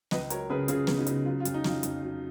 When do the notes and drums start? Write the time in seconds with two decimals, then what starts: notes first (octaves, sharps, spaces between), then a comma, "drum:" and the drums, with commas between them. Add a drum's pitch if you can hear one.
0.11 C#2 B4 D#5, drum: snare
0.30 F#3 A#4 C#5, drum: hi-hat
0.49 C#3 G#4 B4
0.68 C#3 F4 G#4, drum: hi-hat
0.87 B3, drum: snare
0.97 D#4 F#4
1.07 C#3, drum: hi-hat
1.25 F#3 F4
1.40 F4
1.45 F2, drum: hi-hat
1.54 D#4
1.64 F2 F4, drum: snare
1.83 F2, drum: hi-hat
2.02 F#3